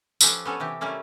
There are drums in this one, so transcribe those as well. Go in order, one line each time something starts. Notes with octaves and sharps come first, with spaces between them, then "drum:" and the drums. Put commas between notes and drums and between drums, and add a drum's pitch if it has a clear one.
F3 C#4 G4 A4 B4, drum: tambourine
B3 C#4 A4 C#5
C3 E3 G4
G3 A3 A#3 C#4 E4